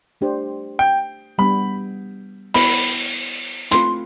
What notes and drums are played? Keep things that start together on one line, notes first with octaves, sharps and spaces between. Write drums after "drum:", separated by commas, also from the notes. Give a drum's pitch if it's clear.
A3 D4 G4 C5
G5
G3 B3 D4 B5
B3 E4 B4 B5, drum: open hi-hat
A3 C4 F4 B4 C6, drum: hi-hat